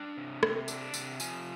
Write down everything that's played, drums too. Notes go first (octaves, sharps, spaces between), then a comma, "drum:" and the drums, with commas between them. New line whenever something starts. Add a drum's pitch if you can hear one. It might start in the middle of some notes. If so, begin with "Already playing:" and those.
Already playing: D4 G5
C3
C3, drum: rim click
D4, drum: tambourine
C3, drum: tambourine
F3 G#5, drum: tambourine